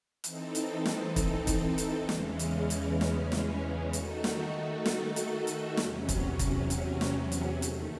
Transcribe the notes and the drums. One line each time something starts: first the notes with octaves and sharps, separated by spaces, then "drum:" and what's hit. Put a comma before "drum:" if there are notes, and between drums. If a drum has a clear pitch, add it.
E3 C4 D#4 A4, drum: hi-hat
drum: hi-hat
drum: snare
drum: kick, hi-hat
drum: kick, hi-hat
drum: hi-hat
E2 C#3 E3 G#3 C#4, drum: snare
drum: hi-hat
drum: hi-hat
drum: snare
drum: snare
D#3 A3 D#4 F#4 A4, drum: hi-hat
drum: snare
drum: snare
drum: hi-hat
drum: hi-hat
E2 C3 F#3 C#4, drum: snare
drum: kick, hi-hat
drum: kick, hi-hat
drum: hi-hat
drum: snare
drum: hi-hat
D#2 D#3 A3, drum: hi-hat